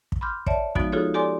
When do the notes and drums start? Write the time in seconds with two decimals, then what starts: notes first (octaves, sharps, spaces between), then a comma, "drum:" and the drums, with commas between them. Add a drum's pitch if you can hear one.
0.12 drum: kick
0.21 B5 C6 D6 F6 G6
0.46 C#5 D5 E5 A5, drum: kick
0.75 F3 G#3 B3 D#4 F#4, drum: kick
0.92 D#4 F4 F#4 G#4 A4 C#5
1.14 G4 A4 D5 G#5 C6 D6